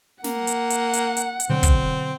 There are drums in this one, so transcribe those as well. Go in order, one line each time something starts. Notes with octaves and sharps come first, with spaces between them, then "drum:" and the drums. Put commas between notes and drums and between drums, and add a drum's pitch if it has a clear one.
A#3 F#5, drum: snare
drum: hi-hat
drum: hi-hat
drum: hi-hat
drum: hi-hat
drum: hi-hat
B2 D3 F#3 C4
drum: kick, hi-hat